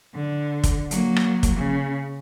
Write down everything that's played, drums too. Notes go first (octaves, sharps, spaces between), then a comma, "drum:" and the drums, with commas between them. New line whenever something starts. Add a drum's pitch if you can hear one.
D3
drum: kick, hi-hat
F#3 A#3, drum: hi-hat
drum: rim click
drum: kick, hi-hat
C#3